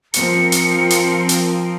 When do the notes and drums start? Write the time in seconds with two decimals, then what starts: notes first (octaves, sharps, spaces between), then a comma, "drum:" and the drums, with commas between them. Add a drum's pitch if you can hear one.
0.14 F3 C4 A#4 C#7, drum: hi-hat
0.52 drum: hi-hat
0.90 drum: hi-hat
1.29 drum: hi-hat